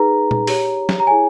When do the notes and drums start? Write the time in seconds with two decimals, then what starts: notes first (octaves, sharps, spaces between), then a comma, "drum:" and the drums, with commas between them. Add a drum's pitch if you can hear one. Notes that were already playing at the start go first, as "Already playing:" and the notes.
Already playing: D#4 G#4 B4 A#5
0.31 drum: tom A#2
0.47 G4 C#5, drum: open hi-hat
0.89 drum: snare
1.00 A#5
1.07 E4 G#4 C#5 G#5